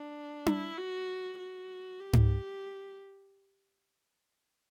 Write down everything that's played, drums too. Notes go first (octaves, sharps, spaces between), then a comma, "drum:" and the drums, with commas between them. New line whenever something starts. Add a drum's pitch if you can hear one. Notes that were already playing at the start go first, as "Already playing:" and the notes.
Already playing: D4
E4, drum: tom D4
F#4
F#4
G4
drum: tom G#2